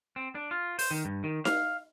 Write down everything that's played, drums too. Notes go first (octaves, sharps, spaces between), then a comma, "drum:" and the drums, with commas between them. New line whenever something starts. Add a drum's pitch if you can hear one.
C4
D4
F4
C5, drum: open hi-hat
D#3
G2
D#3
F5, drum: snare D#4